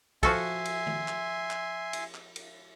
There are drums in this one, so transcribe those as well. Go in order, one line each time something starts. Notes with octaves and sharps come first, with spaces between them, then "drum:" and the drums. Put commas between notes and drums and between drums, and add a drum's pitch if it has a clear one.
F3 F#4 A4 E5 G#5 C6, drum: kick, cymbal
drum: cymbal
drum: tom D#3
drum: clap
drum: clap
drum: cymbal
drum: clap
drum: cymbal